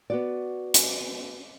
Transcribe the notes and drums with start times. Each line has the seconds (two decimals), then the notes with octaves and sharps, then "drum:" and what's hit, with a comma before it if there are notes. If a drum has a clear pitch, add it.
0.10 B3 F#4 D5
0.74 drum: hi-hat